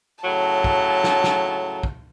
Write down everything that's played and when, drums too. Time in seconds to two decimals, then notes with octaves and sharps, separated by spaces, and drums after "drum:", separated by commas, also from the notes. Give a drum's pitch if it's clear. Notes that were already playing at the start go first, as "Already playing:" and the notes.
0.25 A2 C#3 F#3 A5
0.64 drum: kick
1.04 drum: snare
1.24 drum: snare
1.83 drum: kick